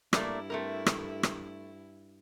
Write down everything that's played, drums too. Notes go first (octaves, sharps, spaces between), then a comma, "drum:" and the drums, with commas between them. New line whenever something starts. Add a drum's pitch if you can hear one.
G2 A3 A#3 E4 D5, drum: rim click
A3 C4 A#4
drum: rim click
drum: rim click